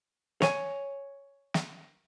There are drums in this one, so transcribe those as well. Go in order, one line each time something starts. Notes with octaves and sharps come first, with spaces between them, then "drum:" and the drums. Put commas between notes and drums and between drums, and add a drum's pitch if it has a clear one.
C#5 G#5, drum: snare
drum: snare